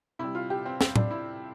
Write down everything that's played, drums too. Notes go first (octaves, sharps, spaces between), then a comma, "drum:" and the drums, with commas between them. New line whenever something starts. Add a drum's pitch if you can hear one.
C3 G3 E4
F4
G4
C4
C4, drum: snare
D4, drum: tom A2
E4